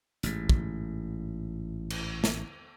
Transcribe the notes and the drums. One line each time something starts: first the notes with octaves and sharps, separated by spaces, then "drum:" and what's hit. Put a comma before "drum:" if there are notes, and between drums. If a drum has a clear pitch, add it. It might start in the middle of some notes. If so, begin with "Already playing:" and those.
A1 G#2, drum: hi-hat
drum: kick
drum: cymbal
drum: snare